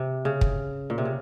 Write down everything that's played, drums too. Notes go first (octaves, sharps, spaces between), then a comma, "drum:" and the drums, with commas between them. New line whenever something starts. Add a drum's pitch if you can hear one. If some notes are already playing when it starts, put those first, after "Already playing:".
Already playing: C3
C#3
drum: kick
A#2
C3
C#3